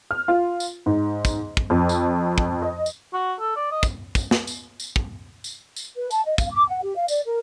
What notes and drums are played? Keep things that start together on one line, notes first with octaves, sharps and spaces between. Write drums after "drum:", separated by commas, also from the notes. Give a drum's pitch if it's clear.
F6
F4
drum: tambourine
G#2
drum: kick, tambourine
drum: kick
F2
drum: tambourine
drum: kick
D#5
drum: tambourine
F#4
A4
D5
D#5
drum: kick, tambourine
drum: kick, tambourine
drum: snare
drum: tambourine
drum: tambourine
drum: kick
drum: tambourine
drum: tambourine
B4
A5, drum: tambourine
D#5
F5, drum: kick, tambourine
D6
F#5
G4
F5
D5, drum: tambourine
A#4